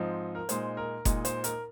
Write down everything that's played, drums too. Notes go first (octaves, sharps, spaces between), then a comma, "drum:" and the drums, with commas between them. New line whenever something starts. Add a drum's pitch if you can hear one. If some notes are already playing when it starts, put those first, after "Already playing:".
Already playing: G#2 F3 C4 D#4
A#4
A#2 G#3 D#4 C5, drum: hi-hat
A#4
A#2 G#3 D#4, drum: kick F1, hi-hat
C5, drum: hi-hat
A#4, drum: hi-hat